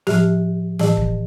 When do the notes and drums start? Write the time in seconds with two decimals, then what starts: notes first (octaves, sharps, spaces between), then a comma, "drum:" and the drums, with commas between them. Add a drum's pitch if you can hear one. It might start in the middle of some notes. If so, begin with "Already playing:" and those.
0.07 A2 F3 G4, drum: snare
0.79 A2 E3, drum: snare
0.97 drum: kick